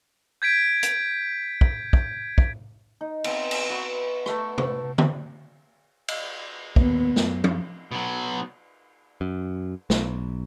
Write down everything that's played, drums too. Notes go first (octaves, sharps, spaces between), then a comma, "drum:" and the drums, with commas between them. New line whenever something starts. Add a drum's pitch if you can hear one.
G6 G#6 B6 D7
drum: hi-hat
drum: kick
drum: kick
drum: kick
D#4
B3 C4, drum: cymbal
drum: cymbal
F#4 B4
A3 B4 C#6, drum: rim click
drum: tom C3
drum: tom D3
drum: cymbal
D#2 B3, drum: kick
F#2, drum: snare
drum: tom
B2 F#3
F#2
B1, drum: snare